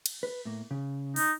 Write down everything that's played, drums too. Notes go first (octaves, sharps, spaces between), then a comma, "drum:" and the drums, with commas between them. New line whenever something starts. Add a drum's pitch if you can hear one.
drum: cymbal
B4
A2 A#3
C#3
D#4, drum: open hi-hat